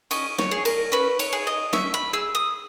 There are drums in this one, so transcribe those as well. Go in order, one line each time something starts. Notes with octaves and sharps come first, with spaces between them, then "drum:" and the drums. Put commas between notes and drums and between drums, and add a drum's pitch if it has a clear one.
C#4 D#5, drum: cymbal
C#5, drum: snare
G#4
A#4, drum: cymbal
C#4 B4
C#5, drum: cymbal
G#4
D#5
C#4 E5, drum: snare
B5
G#4 E6
D#6